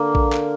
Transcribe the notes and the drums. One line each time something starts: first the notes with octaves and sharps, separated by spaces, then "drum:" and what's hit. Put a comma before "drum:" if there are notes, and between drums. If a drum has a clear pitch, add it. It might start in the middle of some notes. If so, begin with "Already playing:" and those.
Already playing: D3 A#3
drum: kick A#1
drum: clap